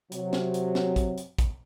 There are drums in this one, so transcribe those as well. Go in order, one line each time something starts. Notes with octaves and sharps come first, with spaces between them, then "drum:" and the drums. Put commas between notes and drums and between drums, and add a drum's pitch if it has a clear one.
C3 F#3, drum: hi-hat
drum: snare
drum: hi-hat
drum: snare
drum: kick, hi-hat
drum: hi-hat
drum: kick, hi-hat